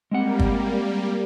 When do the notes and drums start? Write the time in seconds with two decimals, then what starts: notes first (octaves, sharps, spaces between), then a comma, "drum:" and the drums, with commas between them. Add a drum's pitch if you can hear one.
0.12 G3 G#3 A#3 C4 F#5
0.39 drum: kick